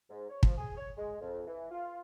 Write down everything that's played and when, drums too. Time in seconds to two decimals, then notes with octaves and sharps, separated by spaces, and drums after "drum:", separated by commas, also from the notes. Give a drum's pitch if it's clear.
0.10 G#2
0.29 C#5
0.43 F3, drum: kick
0.58 G#4
0.77 C#5
0.97 G#3
1.21 F2
1.47 E3
1.71 F4